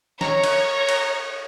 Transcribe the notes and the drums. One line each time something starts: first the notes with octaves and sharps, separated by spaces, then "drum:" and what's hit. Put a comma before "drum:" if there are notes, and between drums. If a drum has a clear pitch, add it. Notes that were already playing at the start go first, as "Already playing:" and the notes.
C#5 A#5, drum: snare
drum: cymbal
drum: cymbal